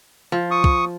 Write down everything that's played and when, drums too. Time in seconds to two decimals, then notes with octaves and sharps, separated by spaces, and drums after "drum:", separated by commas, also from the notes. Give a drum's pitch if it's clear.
0.32 F3
0.51 C#6 D#6
0.64 drum: kick